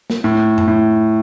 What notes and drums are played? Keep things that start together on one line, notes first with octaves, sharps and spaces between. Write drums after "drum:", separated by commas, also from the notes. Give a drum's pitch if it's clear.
drum: snare
A2
drum: tom F#2
A2